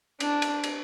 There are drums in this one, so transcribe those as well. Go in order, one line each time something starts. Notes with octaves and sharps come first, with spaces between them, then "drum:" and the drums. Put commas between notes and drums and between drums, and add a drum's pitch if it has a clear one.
D4, drum: cymbal
drum: cymbal
drum: cymbal